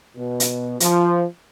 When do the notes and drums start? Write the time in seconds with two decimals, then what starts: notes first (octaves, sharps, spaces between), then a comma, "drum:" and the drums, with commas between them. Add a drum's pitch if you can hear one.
0.16 B2
0.40 drum: hi-hat
0.80 F3, drum: hi-hat